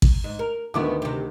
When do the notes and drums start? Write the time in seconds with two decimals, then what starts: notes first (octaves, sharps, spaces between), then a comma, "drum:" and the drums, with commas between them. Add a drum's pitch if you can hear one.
0.02 drum: kick A1
0.24 G#2
0.39 A#4
0.74 D2 D#3 B3 E4 F#4 D6
1.02 C3 G4